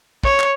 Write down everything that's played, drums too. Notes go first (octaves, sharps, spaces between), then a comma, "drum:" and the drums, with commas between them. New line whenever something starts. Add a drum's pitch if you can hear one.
C#5, drum: kick
drum: clap